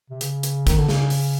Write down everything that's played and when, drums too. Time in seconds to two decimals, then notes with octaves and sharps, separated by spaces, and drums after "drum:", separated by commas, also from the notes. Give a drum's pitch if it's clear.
0.10 C3
0.21 C#3, drum: hi-hat
0.43 drum: hi-hat
0.67 D#3, drum: kick, hi-hat
0.77 D3
0.89 C#3, drum: snare
1.10 drum: open hi-hat